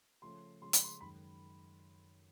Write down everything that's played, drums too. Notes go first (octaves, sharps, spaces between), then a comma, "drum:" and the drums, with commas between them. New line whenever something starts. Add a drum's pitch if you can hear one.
C#3 F3 A3 C#4 C6
C#3 F3 G#3 C#4 C6
B5, drum: hi-hat
C6
F#2 D#3 G#3 B5